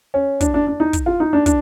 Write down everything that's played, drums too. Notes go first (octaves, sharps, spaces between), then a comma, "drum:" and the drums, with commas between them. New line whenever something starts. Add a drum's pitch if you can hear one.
C#4
D4, drum: kick, hi-hat
D4
D4
D#4
drum: kick, hi-hat
F4
D#4
D4
D4, drum: kick, hi-hat